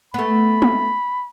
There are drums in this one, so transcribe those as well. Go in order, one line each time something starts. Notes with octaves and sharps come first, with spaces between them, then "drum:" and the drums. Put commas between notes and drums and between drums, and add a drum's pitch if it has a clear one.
A3 B3 B5
drum: tom